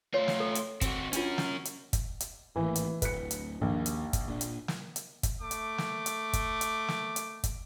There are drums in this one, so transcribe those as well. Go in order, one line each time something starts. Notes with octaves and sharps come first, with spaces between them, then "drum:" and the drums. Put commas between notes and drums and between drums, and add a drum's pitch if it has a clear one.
A3 F4 C#5
drum: snare
A4
drum: hi-hat
C4 F#4, drum: kick, hi-hat
C#4 D4 F4 F#4, drum: hi-hat
drum: snare
drum: hi-hat
drum: kick, hi-hat
drum: hi-hat
G#1 A2 E3 A#3
drum: hi-hat
D1 B4 F#6 C#7, drum: kick, hi-hat
drum: hi-hat
A#1 D#2 A#3
drum: hi-hat
drum: kick, hi-hat
A#2 D4
drum: hi-hat
drum: snare
drum: hi-hat
drum: kick, hi-hat
A3 D6
drum: hi-hat
drum: snare
drum: hi-hat
drum: kick, hi-hat
drum: hi-hat
drum: snare
drum: hi-hat
drum: kick, hi-hat